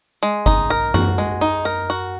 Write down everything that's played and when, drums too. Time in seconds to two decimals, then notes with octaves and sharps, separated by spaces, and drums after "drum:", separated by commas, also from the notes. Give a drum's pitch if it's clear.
0.23 G#3
0.46 D#4, drum: kick G1
0.70 A#4
0.94 F#4, drum: tom F#2
1.18 G#3
1.41 D#4
1.65 A#4
1.90 F#4